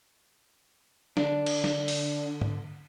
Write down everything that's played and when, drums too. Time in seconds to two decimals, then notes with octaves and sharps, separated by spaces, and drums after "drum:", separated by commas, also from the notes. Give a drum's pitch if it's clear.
1.17 D3 D4, drum: snare
1.46 drum: cymbal
1.64 drum: snare
1.88 drum: open hi-hat
2.41 drum: tom G#2